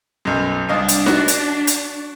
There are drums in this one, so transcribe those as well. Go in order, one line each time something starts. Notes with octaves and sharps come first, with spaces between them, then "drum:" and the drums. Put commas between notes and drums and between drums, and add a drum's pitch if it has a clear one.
B1 F#2
C2 D4 D#5 F5
drum: hi-hat
F#4, drum: snare D#4
drum: hi-hat
drum: hi-hat